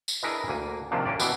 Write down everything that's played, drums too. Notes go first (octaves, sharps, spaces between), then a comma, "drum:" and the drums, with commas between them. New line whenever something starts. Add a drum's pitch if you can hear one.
drum: tambourine
D4 E4 G#4 A#4 B4 D#5
D2 A#3 G#5
C3 D#3 F3 A#3 D4 F4
A#3 C#4 G4 D5
B2 E3 B3 D4 D5, drum: tambourine